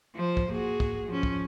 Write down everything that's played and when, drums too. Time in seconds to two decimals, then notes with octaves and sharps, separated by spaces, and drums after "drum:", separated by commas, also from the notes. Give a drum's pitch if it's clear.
0.15 F3 C5
0.37 drum: kick
0.51 A#3 F#4 G#4
0.80 drum: kick
1.06 F3 C#4
1.23 drum: kick